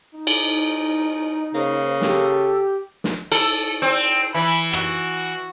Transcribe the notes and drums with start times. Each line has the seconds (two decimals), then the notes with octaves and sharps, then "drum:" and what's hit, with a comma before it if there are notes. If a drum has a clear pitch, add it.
0.14 D#4
0.27 drum: cymbal
1.55 C#3 A#3 C5
2.02 G4 A4, drum: snare
3.04 drum: snare
3.32 A4, drum: cymbal
3.82 C4
4.34 E3 B5
4.73 F#4, drum: rim click